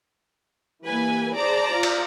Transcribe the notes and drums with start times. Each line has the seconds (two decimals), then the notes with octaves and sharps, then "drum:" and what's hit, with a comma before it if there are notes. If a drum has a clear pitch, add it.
0.86 E3 G3 A#3 B4 G#5
1.36 G#4 C5 D5 A5 A#5 D7
1.70 F4
1.83 drum: cymbal